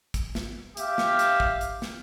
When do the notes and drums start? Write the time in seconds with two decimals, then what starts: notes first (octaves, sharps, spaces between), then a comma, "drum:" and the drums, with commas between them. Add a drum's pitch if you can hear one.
0.14 drum: kick, hi-hat
0.35 drum: snare
0.77 G4 E5 F5, drum: hi-hat
0.98 drum: snare
1.19 drum: hi-hat
1.40 drum: kick
1.61 drum: hi-hat
1.82 drum: snare